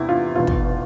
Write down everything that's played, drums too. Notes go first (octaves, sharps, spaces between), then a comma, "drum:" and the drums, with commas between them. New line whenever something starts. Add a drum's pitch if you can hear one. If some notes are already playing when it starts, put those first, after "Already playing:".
Already playing: E2 C3 E4
F4
F1 E2 B2 F4
drum: kick